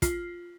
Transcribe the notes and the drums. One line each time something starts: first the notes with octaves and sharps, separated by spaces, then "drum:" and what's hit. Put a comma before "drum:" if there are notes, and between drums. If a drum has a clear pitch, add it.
F4, drum: kick, hi-hat